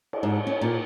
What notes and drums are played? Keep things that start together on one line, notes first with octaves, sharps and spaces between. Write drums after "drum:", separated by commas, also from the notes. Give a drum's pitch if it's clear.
drum: cymbal
G#2
C#4
A#2